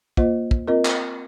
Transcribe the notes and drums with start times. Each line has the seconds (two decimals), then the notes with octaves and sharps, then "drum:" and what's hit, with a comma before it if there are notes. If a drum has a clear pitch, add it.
0.17 A#3 F4 C5 D#5, drum: kick
0.51 drum: kick
0.68 C4 F4 A#4 D#5
0.85 drum: clap